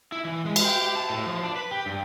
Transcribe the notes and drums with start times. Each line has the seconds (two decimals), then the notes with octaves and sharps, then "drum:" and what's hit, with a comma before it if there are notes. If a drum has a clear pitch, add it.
0.12 E4
0.25 E3
0.46 G#3
0.56 drum: cymbal
0.65 G5
0.82 G4
0.95 A5
1.10 A2
1.27 F3
1.43 D4
1.56 B4
1.71 G4
1.86 G2